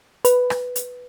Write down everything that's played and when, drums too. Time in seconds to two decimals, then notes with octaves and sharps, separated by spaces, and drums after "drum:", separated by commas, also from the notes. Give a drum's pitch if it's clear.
0.25 B4, drum: hi-hat
0.50 drum: rim click
0.76 drum: hi-hat